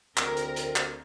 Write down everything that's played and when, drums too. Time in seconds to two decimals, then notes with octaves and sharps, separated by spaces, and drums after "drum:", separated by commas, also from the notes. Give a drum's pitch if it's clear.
0.17 D2 C4 A#4, drum: clap
0.37 drum: hi-hat
0.56 drum: hi-hat
0.76 drum: clap